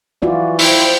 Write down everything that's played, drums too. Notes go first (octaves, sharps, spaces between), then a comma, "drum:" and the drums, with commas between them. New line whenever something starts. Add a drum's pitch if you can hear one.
E3 F4 F#4 D5
E4 C5 G5, drum: open hi-hat